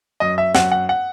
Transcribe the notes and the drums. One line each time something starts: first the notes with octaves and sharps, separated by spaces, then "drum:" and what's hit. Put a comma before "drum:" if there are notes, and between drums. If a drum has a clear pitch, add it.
F#2 D#5
E5
F#2 F#5, drum: snare
F#5
F#5